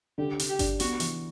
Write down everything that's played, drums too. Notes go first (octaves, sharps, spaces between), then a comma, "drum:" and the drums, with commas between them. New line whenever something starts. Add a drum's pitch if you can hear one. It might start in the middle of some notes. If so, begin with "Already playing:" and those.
D3 G4
D3, drum: hi-hat
G4
D4, drum: kick G1, hi-hat
B3 F#4, drum: hi-hat
E3, drum: hi-hat